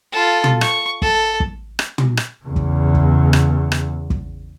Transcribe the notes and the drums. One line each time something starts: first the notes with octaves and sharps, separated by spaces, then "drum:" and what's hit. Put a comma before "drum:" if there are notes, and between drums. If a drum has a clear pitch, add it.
F4 A4
drum: tom
C#6, drum: rim click
A4, drum: kick
drum: kick
drum: rim click
drum: tom
drum: rim click
E2 C#3
drum: kick
drum: kick
drum: rim click
drum: rim click
drum: kick